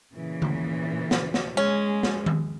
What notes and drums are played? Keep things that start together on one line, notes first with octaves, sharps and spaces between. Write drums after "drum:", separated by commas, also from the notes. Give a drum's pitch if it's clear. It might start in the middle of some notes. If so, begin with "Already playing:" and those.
A#2 C#3 E3
drum: tom D3
drum: snare
drum: snare
G#3 C#4
drum: snare
drum: tom D#3